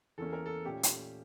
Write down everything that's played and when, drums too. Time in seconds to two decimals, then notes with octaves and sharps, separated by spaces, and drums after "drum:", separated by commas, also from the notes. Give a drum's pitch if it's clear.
0.18 E2 E3 A#3 C#4 A4
0.33 A#4
0.46 A4
0.65 A#2 A3 C#4 G4
0.83 drum: hi-hat